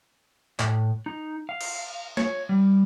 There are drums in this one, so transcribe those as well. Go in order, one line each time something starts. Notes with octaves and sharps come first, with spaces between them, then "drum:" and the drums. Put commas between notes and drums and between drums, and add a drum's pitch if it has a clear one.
A2, drum: clap
D#4
F5
drum: cymbal
C#5, drum: snare
G3